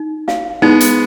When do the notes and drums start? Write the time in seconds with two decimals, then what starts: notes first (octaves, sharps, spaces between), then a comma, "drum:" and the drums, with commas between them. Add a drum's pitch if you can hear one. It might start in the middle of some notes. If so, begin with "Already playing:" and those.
Already playing: D#4
0.28 F5, drum: snare
0.62 G#3 B3 D#4
0.80 drum: hi-hat